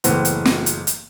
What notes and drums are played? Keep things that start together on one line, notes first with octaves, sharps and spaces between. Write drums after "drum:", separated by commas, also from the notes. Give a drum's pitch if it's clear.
F#1 A2 E3 B3 C5, drum: hi-hat
drum: hi-hat
drum: snare
drum: hi-hat
drum: hi-hat